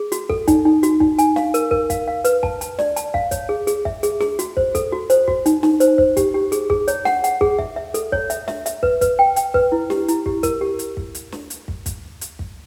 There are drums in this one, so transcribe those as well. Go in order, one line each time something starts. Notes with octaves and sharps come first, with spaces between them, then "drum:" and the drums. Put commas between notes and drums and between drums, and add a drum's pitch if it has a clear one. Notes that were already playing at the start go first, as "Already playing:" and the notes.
Already playing: G#4
F#4, drum: hi-hat
A4, drum: kick
D#4, drum: kick, hi-hat
D#4
F#4, drum: hi-hat
D#4, drum: kick
G#5, drum: hi-hat
F5, drum: snare
A#4, drum: hi-hat
A#4, drum: kick
F5, drum: kick, hi-hat
F5
B4, drum: hi-hat
A5, drum: kick
A5, drum: hi-hat
D5, drum: snare
A5, drum: hi-hat
F5, drum: kick
C#5, drum: kick, hi-hat
G#4
G#4, drum: hi-hat
E5, drum: kick
G#4, drum: hi-hat
G#4, drum: snare
F#4, drum: hi-hat
C5, drum: kick
A4, drum: kick, hi-hat
F#4
C5, drum: hi-hat
F#4, drum: kick
D#4, drum: hi-hat
D#4, drum: snare
C5, drum: hi-hat
C5, drum: kick
G4, drum: kick, hi-hat
G4
G#4, drum: hi-hat
G#4, drum: kick
C#5, drum: hi-hat
F#5, drum: snare
F#5, drum: hi-hat
G#4, drum: kick
E5, drum: kick
E5
A4, drum: hi-hat
C#5, drum: kick
E5, drum: hi-hat
E5, drum: snare
E5, drum: hi-hat
B4, drum: kick
B4, drum: kick, hi-hat
G5
G5, drum: hi-hat
B4, drum: kick
E4
G4, drum: snare
E4, drum: hi-hat
G4, drum: kick
A#4, drum: kick, hi-hat
G4
drum: hi-hat
drum: kick
drum: hi-hat
drum: snare
drum: hi-hat
drum: kick
drum: kick, hi-hat
drum: hi-hat
drum: kick